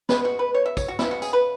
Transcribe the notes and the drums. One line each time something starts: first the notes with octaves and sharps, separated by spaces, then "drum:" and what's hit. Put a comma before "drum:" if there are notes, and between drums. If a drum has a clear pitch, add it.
B2 G#3 B3 B4, drum: snare
F#4
B4
C#5
E5
C#5, drum: kick, tambourine
F#4
C#3 G#3 B3 E4, drum: snare
F#4
G#4, drum: tambourine
B4